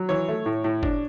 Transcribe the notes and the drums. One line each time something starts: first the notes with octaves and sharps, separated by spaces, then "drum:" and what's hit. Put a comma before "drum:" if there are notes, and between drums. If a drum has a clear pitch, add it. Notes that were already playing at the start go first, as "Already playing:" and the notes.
Already playing: F#3
E3 C#5
A3
A2
A2
D4, drum: kick